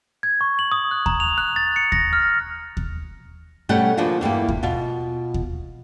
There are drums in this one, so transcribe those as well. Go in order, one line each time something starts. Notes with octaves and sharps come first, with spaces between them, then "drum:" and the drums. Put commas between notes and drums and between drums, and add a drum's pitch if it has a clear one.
G#6
C#6
F#7
D#6
F#6
A#5, drum: kick D#2
F7
F#6
A6
C#7
A#6, drum: kick D#2
F6
drum: kick D#2
B2 G3 A3 C#4 F#5 G5
C#3 F3 A#3 D4 F#4
E2 G2 G3 A#3
drum: kick D#2
B2 F4
drum: kick D#2